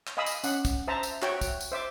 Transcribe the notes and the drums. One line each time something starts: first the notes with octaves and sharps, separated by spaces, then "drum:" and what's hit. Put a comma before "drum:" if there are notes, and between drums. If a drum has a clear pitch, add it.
drum: clap
D#5 F5 G#5 B5 D#6 E6
drum: tambourine
C#4 F#5, drum: tambourine
drum: kick, tambourine
C5 E5 A5 A#5
drum: tambourine
F#4 C#5 E5 G5, drum: clap
drum: kick, tambourine
drum: tambourine
C5 E5 D6